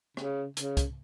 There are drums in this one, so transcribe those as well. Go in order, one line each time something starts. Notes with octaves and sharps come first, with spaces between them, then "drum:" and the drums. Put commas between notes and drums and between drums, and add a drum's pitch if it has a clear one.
C#3, drum: rim click
C#3, drum: hi-hat
drum: kick C2, hi-hat